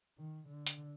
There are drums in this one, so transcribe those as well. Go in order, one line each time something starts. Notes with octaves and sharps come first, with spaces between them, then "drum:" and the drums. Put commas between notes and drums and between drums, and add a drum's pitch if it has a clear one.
D#3
D3
drum: hi-hat